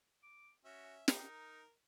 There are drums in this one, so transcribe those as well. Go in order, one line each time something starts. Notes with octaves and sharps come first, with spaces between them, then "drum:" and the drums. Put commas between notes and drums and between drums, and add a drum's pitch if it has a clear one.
D6
C#4 F#4 E5
D#4 A#4, drum: snare